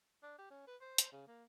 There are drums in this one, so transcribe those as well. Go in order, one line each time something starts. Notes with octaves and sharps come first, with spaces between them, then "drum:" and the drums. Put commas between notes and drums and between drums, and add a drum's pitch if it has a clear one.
D4
G4
C#4
B4
C5
drum: hi-hat
C#3
A#3